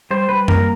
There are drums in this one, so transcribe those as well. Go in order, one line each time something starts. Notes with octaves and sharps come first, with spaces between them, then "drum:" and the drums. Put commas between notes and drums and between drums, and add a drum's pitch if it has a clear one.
G3 C5
G3 B4
A#3 A#4, drum: tom F#2